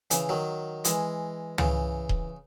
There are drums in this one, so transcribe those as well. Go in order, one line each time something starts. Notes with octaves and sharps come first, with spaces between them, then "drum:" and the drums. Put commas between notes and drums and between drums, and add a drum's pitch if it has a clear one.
C#3 E3, drum: hi-hat
D#3 F#3
E3 G#3, drum: hi-hat
C#3 E3, drum: tom
drum: kick D#1